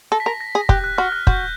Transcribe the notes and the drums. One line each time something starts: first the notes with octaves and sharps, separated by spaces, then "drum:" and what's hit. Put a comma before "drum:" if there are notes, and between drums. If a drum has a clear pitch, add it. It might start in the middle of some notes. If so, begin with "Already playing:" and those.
A4 A#6
B6
A#4 A#6
A#6
G#4
G4 F#6, drum: kick
F#6
F#4 F6
F#6
F#4 G6, drum: kick